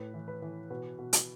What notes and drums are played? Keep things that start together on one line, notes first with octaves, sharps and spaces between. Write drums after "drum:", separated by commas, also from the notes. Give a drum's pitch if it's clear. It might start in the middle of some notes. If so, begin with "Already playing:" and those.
Already playing: A2 B4
E3
B4
E3
B2 B4
B2
drum: hi-hat